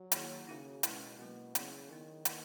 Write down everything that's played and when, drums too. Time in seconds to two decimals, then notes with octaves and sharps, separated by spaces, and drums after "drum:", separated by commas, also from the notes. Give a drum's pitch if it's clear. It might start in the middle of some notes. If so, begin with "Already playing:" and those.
Already playing: F#3
0.12 D#3 A#3 E4 G#4 C#5, drum: hi-hat
0.47 C#3 D#4 F#4 A#4 E5
0.83 B2 G#3 C#4 E4 A#4, drum: hi-hat
1.18 B2 F#3 A#3 E4 A#4
1.55 C#3 F#3 B3 E4, drum: hi-hat
1.90 D#3 B3 E4 A#4
2.25 A#3 E4 B4, drum: hi-hat